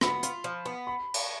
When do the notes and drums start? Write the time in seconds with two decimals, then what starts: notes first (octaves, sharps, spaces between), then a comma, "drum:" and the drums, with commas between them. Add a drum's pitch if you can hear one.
0.01 B3 B5, drum: rim click
0.23 F4, drum: hi-hat
0.44 F3
0.66 B3
0.87 B5
1.14 drum: cymbal